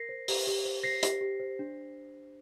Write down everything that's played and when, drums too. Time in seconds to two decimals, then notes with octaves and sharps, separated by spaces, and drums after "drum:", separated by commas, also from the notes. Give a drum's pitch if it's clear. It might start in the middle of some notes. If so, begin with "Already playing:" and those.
Already playing: A#4 A#6 C7
0.09 C5
0.28 G4, drum: open hi-hat
0.47 G4
0.65 C5
0.83 C5 A#6 C7
1.03 G4, drum: hi-hat
1.21 G4
1.40 C5
1.59 D4